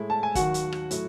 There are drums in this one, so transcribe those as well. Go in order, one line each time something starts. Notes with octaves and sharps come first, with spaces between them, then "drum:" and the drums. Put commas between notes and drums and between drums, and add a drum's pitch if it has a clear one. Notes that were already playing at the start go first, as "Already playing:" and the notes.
Already playing: A2 G#3 E4
A5
G#5
D#2 D#3 F#3 F#4 F#5, drum: kick, hi-hat
drum: hi-hat
drum: rim click
A2 F#3, drum: hi-hat